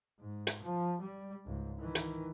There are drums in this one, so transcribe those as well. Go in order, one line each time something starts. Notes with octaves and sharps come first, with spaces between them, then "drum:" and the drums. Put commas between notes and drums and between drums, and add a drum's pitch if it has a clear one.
G#2
drum: hi-hat
F3
G3
C#2 G#2
D#3 E3
drum: hi-hat